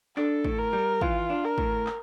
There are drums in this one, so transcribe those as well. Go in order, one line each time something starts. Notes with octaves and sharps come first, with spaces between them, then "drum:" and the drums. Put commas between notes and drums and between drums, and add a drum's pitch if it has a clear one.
D4 A4, drum: clap
A2, drum: kick
A#4
G3
E3 F4, drum: kick
D4
A#4
A2, drum: kick
drum: clap